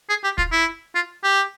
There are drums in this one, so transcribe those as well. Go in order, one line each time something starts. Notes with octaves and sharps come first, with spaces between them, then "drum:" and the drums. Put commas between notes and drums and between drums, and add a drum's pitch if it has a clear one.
G#4
G4
F4, drum: kick
E4
F4
G4